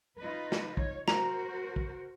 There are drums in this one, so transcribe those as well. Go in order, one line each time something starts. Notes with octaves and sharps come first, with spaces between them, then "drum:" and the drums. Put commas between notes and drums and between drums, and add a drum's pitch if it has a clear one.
D#4 F4 B4
drum: snare
C#5, drum: kick
F#4 A#4 C5 A#5, drum: snare
drum: kick